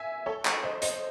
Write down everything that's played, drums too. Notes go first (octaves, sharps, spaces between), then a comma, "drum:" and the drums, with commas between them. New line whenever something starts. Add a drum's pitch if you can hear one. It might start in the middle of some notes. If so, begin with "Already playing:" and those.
Already playing: E5 G#5
A4 C#5
drum: clap
C5 D#5
C5 D#5, drum: hi-hat